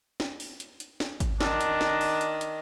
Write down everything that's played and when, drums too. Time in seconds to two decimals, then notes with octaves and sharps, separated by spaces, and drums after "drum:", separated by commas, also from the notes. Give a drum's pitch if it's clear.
0.20 drum: snare
0.40 drum: open hi-hat
0.60 drum: hi-hat
0.80 drum: hi-hat
1.00 drum: snare
1.20 drum: kick G#1, hi-hat
1.40 D#3 D4, drum: snare
1.61 drum: hi-hat
1.81 drum: snare
2.01 drum: open hi-hat
2.21 drum: hi-hat
2.41 drum: hi-hat